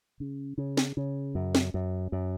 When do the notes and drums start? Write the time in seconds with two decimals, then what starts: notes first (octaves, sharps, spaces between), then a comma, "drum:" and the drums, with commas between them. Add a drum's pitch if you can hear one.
0.20 C#3
0.58 C#3
0.77 drum: snare
0.97 C#3
1.35 F#2
1.55 drum: snare
1.74 F#2
2.12 F#2